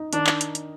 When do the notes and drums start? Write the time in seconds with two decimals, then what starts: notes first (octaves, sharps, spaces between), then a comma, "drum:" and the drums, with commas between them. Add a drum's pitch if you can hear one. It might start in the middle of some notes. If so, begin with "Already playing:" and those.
Already playing: D#4
0.13 D#3 D4, drum: hi-hat
0.27 drum: clap
0.41 drum: hi-hat
0.55 drum: hi-hat